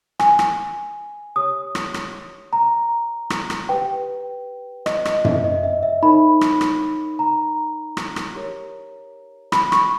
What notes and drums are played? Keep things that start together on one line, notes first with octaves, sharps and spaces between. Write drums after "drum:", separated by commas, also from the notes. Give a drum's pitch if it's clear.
G#5, drum: rim click
drum: rim click
G4 C#5 D#6
drum: rim click
drum: rim click
A#5
drum: rim click
drum: rim click
G4 B4 G5
D#5, drum: rim click
D#5, drum: rim click
E5, drum: tom F#2
D#5
E5
E5
D#4 A#4 C#5 B5
drum: rim click
drum: rim click
A#5
drum: rim click
drum: rim click
G4 A#4 C#5
B5, drum: rim click
C#6, drum: rim click